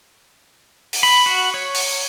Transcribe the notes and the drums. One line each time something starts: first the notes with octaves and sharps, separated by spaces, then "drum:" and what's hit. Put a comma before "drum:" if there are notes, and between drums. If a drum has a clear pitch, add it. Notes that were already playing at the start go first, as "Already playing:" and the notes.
drum: open hi-hat
B5
F#4
C#5
drum: open hi-hat